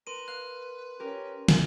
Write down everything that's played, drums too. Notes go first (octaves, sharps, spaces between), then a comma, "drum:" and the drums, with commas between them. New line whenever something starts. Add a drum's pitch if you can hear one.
A#4 B4 C6 D#7
F5 F#6
C#4 G4 A#4
G#5, drum: snare